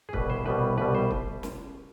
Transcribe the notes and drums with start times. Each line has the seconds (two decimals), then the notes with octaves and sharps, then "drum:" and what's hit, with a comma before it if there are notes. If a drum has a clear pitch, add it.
0.09 G#4
0.13 C2 B2 G3 B4, drum: kick
0.30 C5
0.46 C2 B2 G3 B4
0.78 C2 B2 G3 B4
0.95 C5
1.11 drum: kick
1.43 drum: snare